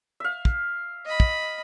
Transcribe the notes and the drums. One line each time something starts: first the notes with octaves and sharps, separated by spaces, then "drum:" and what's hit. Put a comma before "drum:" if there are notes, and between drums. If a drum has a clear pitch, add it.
E5 F5
drum: kick
D#5 B5
drum: kick